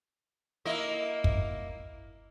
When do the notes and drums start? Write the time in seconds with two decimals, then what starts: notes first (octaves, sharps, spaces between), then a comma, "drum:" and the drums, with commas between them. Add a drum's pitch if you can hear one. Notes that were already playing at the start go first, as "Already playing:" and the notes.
0.65 A#3 E4 D#5
1.24 drum: kick